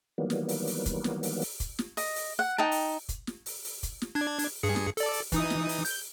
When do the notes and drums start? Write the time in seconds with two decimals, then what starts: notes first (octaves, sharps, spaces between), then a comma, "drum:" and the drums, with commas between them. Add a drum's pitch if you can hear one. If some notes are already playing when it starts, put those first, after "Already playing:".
0.18 D#3 E3 F#3 G3 A#3 B3
0.30 drum: snare
0.49 drum: open hi-hat
0.67 drum: open hi-hat
0.86 drum: kick, hi-hat
1.04 drum: snare
1.23 drum: open hi-hat
1.41 drum: open hi-hat
1.60 drum: kick, hi-hat
1.79 drum: snare
1.97 D#5, drum: open hi-hat
2.16 drum: open hi-hat
2.39 F#5
2.58 D#4 G5 A5
2.71 drum: open hi-hat
3.09 drum: kick, hi-hat
3.27 drum: snare
3.46 drum: open hi-hat
3.64 drum: open hi-hat
3.83 drum: kick, hi-hat
4.02 drum: snare
4.15 D4 G#6
4.39 drum: open hi-hat
4.63 G2 G#4 C#7
4.76 drum: snare
4.97 A4 D5, drum: open hi-hat
5.13 drum: open hi-hat
5.32 E3 D#4 D#6, drum: kick, hi-hat
5.50 drum: snare
5.69 drum: open hi-hat
5.85 G6, drum: open hi-hat